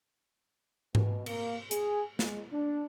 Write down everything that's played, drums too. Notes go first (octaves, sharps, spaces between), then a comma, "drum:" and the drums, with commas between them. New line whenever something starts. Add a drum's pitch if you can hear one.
B2, drum: tom G#2
A#3, drum: cymbal
G#4, drum: hi-hat
G#3, drum: snare
D4